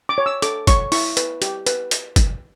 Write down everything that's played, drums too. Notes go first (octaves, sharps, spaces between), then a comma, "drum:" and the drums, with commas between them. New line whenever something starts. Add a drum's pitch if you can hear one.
D6
C#5
E6
A4 D6, drum: hi-hat
C#5 C#6, drum: kick G1, hi-hat
E4 C#6, drum: open hi-hat
B4, drum: hi-hat
G4, drum: hi-hat
B4, drum: hi-hat
drum: hi-hat
drum: kick G1, hi-hat